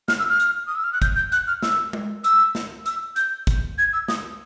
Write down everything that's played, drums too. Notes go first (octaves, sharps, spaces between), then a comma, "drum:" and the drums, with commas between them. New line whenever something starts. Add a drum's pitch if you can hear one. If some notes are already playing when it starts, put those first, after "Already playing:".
F6, drum: snare
E6
F6
drum: hi-hat
D#6
E6
F6
F#6
G6, drum: kick, hi-hat
G6
F#6, drum: hi-hat
F6
E6, drum: snare
drum: tom G#3
E6, drum: hi-hat
drum: snare
E6, drum: hi-hat
G6, drum: hi-hat
drum: kick, hi-hat
G#6
E6
D#6, drum: snare